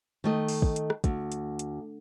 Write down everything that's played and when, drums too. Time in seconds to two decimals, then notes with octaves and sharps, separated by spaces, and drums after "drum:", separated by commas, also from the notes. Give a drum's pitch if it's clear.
0.24 D#3 A3 D#5
0.48 drum: open hi-hat
0.62 drum: kick
0.76 drum: hi-hat
0.90 drum: rim click
1.04 D2, drum: kick, hi-hat
1.32 drum: hi-hat
1.59 drum: hi-hat